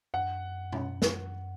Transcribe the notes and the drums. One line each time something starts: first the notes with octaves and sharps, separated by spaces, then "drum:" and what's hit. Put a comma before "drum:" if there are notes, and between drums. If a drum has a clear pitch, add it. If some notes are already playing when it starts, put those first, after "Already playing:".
F#2 F#5
drum: tom
drum: snare